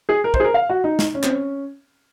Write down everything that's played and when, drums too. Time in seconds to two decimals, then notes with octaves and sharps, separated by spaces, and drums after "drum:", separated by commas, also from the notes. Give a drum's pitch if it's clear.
0.09 G#4
0.24 A#4
0.34 C5, drum: kick
0.40 G#4
0.44 A#4
0.54 F5
0.70 F#4
0.84 D#4
0.99 drum: snare
1.15 C#4
1.23 C4, drum: clap
1.30 C#4